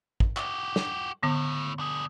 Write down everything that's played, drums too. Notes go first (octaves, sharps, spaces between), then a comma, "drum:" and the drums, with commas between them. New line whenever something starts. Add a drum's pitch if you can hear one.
drum: kick
F#4 G4, drum: clap
drum: snare
C#2 A2 D3 B3
D4 G#4